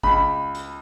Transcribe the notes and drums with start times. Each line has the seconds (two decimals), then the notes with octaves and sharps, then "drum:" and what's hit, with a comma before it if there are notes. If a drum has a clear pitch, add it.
0.03 C#2 B5, drum: kick G1
0.55 drum: hi-hat